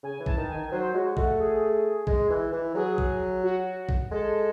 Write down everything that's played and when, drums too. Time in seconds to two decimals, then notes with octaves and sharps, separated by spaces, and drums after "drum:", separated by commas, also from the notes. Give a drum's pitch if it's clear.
0.03 C#3 G#5
0.20 E3
0.26 A5, drum: kick
0.37 D#3
0.49 G#5
0.54 D#3
0.72 F#3 C5
0.94 G#3 F#4
1.17 A3 F#4, drum: kick
1.39 G#4
2.07 G#3, drum: kick
2.30 E3
2.52 E3
2.75 F#3 G#4
2.98 drum: kick
3.43 F#4
3.89 drum: kick
4.11 G#3 A4